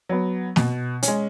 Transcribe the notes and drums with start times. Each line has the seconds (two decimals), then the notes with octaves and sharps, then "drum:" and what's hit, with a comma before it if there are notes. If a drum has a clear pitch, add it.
0.09 F#3 B3
0.56 B2, drum: snare
1.03 C#4, drum: hi-hat
1.08 G#3